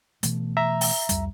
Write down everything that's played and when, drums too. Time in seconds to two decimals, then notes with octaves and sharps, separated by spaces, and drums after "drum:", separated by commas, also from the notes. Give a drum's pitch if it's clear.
0.23 B2 E3 A3, drum: hi-hat
0.57 E5 A#5
0.81 drum: open hi-hat
1.09 C2 F2 G3, drum: hi-hat